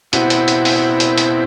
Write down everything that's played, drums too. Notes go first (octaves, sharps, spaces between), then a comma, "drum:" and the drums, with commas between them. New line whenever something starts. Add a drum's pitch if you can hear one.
B2 C4 E4 F#4, drum: hi-hat
drum: hi-hat
drum: hi-hat
drum: open hi-hat
drum: hi-hat
drum: hi-hat